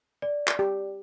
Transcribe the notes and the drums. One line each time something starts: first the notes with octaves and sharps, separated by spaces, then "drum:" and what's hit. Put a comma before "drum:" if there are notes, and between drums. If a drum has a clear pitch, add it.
D5
drum: clap
G4